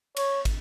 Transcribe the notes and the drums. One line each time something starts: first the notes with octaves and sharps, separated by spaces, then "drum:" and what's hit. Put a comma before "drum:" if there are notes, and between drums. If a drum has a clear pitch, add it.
C#5, drum: cymbal
drum: kick, cymbal